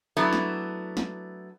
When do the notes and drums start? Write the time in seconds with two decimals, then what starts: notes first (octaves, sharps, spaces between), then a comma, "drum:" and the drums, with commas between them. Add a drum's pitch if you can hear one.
0.17 F#3 A3 B3 D4 E4
0.33 drum: snare
0.97 drum: snare